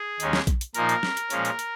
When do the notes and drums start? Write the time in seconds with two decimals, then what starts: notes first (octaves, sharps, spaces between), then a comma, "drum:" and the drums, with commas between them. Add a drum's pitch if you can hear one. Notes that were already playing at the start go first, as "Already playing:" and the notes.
Already playing: G#4
0.20 D#2 D#3 G#3 C#4, drum: hi-hat
0.33 drum: snare
0.47 drum: kick A#1, hi-hat
0.61 drum: hi-hat
0.74 A#2 F3 A#3 D#4 A#4, drum: hi-hat
0.89 drum: hi-hat
1.03 drum: snare
1.17 drum: hi-hat
1.30 A#2 F3 G#3 C#4, drum: hi-hat
1.45 drum: hi-hat
1.59 drum: hi-hat